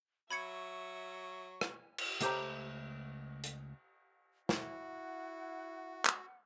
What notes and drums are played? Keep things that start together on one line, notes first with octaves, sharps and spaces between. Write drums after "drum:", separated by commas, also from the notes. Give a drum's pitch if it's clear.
F#3 E5 B5 C#6 G#6 C#7
drum: rim click
drum: cymbal
C#2 A3 G4 C5 A#5 B5, drum: hi-hat
drum: hi-hat
E4 F#4 F#5, drum: snare
drum: clap